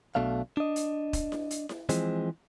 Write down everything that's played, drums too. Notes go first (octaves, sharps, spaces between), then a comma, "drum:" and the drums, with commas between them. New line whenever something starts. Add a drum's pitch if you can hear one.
B1 B2 A3 D4 F5
D4 D#5
drum: hi-hat
drum: kick, hi-hat
drum: snare E4
drum: hi-hat
drum: snare E4
E3 F3 G#3 C4, drum: hi-hat